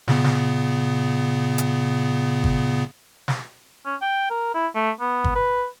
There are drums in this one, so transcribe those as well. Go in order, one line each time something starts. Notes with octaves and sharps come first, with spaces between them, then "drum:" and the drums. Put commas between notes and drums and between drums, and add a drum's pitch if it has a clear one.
A#2 C#3 B3, drum: snare
drum: snare
drum: hi-hat
drum: kick G1
drum: snare
C#4
G5
A#4
E4
A3
B3
drum: kick G1
B4